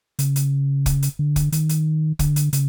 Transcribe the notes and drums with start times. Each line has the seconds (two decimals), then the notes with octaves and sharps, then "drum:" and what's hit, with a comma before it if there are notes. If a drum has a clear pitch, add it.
0.19 C#3, drum: hi-hat
0.36 drum: hi-hat
0.86 drum: kick, hi-hat
1.02 drum: hi-hat
1.19 D3
1.36 drum: kick, hi-hat
1.52 D#3, drum: hi-hat
1.69 drum: hi-hat
2.19 D3, drum: kick, hi-hat
2.36 drum: hi-hat
2.53 C#3, drum: hi-hat